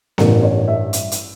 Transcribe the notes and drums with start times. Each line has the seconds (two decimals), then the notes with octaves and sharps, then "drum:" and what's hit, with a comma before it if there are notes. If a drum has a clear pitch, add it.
0.18 A1 G2 E3 A#4, drum: snare B3
0.43 C#5
0.68 E5
0.93 drum: hi-hat
1.12 drum: hi-hat